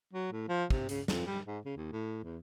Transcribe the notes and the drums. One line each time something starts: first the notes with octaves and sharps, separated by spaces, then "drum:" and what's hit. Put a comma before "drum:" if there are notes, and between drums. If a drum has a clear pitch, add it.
F#3
A2
F3
C3, drum: kick
C#3, drum: hi-hat
F2, drum: snare
G3
G#2
C#3
D#2
A2
E2